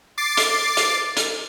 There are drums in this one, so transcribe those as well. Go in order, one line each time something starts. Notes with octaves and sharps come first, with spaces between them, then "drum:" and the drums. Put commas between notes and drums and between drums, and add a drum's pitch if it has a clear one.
D6 A6 C7
drum: hi-hat
drum: hi-hat
drum: hi-hat